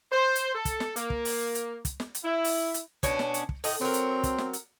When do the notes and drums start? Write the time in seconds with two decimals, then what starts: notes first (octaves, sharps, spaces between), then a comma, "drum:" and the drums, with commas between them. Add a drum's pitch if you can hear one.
0.12 C5
0.35 drum: hi-hat
0.54 A4
0.65 drum: kick, hi-hat
0.80 drum: snare
0.96 A#3, drum: hi-hat
1.10 drum: kick
1.25 drum: open hi-hat
1.55 drum: hi-hat
1.85 drum: kick, hi-hat
2.00 drum: snare
2.15 drum: hi-hat
2.24 E4
2.44 drum: open hi-hat
2.74 drum: hi-hat
3.03 B2 C#4 D4, drum: kick, hi-hat
3.19 drum: snare
3.34 drum: hi-hat
3.49 drum: kick
3.64 A2 D#5, drum: open hi-hat
3.81 F#3 C4 A#4
3.94 drum: hi-hat
4.24 drum: kick, hi-hat
4.38 drum: snare
4.53 drum: hi-hat